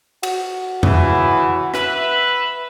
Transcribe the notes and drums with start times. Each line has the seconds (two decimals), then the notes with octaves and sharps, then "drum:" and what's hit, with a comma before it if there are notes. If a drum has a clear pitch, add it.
0.23 F#4, drum: cymbal
0.83 C#3 E3 E4, drum: tom E2
1.74 B4 E5, drum: rim click